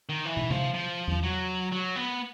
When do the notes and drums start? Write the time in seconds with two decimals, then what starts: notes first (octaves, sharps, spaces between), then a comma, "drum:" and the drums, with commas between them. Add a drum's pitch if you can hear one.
0.09 D#3
0.25 E3
0.37 drum: tom
0.50 F3, drum: tom C3
0.74 F3
1.08 drum: tom E2
1.23 F#3
1.72 F#3
1.96 B3